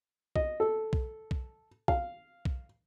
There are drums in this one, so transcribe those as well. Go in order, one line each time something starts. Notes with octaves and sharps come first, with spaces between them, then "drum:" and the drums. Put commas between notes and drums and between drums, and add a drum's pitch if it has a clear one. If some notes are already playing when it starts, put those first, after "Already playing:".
D#5, drum: kick B1
A4
drum: kick B1
drum: kick B1
F5, drum: kick B1
drum: kick B1